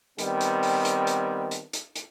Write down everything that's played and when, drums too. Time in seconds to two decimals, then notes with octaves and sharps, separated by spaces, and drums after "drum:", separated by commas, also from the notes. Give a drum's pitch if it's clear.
0.18 D#3 G3 B3 C4, drum: hi-hat
0.41 drum: hi-hat
0.63 drum: open hi-hat
0.85 drum: hi-hat
1.07 drum: hi-hat
1.51 drum: hi-hat
1.73 drum: hi-hat
1.96 drum: hi-hat